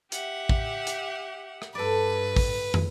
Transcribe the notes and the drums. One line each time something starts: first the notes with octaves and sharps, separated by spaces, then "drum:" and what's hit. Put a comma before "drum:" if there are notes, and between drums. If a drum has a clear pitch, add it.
G4 E5 F#5, drum: hi-hat
drum: kick A1
drum: hi-hat
drum: rim click
G2 A4 B4 D5
drum: kick A1, open hi-hat
drum: tom